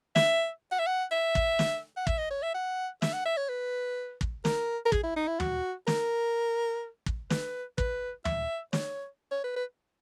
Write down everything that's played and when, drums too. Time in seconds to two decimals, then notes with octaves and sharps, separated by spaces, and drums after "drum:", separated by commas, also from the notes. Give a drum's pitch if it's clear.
0.16 E5, drum: snare
0.72 F#5
0.79 E5
0.87 F#5
1.11 E5
1.35 drum: kick
1.59 drum: snare
1.97 F#5
2.07 E5, drum: kick
2.18 D#5
2.31 C#5
2.43 E5
2.55 F#5
3.02 E5, drum: snare
3.14 F#5
3.26 E5
3.37 C#5
3.49 B4
4.21 drum: kick
4.45 A#4, drum: snare
4.86 A#4
4.92 G#4, drum: kick
5.04 E4
5.16 D#4
5.28 E4
5.40 F#4, drum: tom
5.87 A#4, drum: snare
7.06 drum: kick
7.30 B4, drum: snare
7.78 B4, drum: kick
8.25 E5, drum: tom
8.73 C#5, drum: snare
9.32 C#5
9.44 B4
9.56 B4